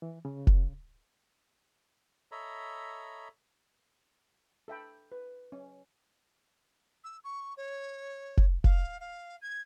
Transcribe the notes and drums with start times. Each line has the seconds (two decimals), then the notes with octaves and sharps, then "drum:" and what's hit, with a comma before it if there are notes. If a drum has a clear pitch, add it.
0.02 E3
0.25 C#3
0.47 drum: kick F1
2.32 A4 C#5 D#5 E5 A#5 B5
4.68 A4 E5 G5 B5
5.12 B4
5.52 C#4
7.04 E6
7.24 C#6
7.57 C#5
8.37 drum: kick F1
8.64 F5, drum: kick F1
9.00 F5
9.42 G#6